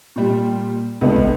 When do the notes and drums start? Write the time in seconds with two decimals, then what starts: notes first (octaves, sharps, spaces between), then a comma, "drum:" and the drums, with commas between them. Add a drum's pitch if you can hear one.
0.16 A#2 G3
1.01 C#2 A3 B3 D4
1.16 drum: kick